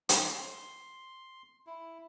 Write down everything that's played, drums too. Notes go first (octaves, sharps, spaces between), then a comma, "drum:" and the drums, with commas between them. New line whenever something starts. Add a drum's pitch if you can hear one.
C6, drum: hi-hat
E4